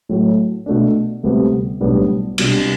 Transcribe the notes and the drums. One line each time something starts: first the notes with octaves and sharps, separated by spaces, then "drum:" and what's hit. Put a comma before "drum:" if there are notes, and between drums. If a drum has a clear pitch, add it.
A2 F#3 A3
B2 A3 D4
D2 C3 G3 B3
B1 A2 G3 B3 D4
C2 B2 G3 D4, drum: cymbal